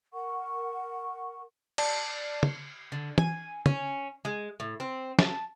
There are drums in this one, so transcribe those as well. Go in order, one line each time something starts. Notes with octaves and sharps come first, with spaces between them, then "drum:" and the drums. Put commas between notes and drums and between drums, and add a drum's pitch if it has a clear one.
A#4 F#5 C#6
D5 A5, drum: cymbal
drum: tom
D3
G#5, drum: tom
C#4, drum: tom
G#3
A2
C4
A5, drum: snare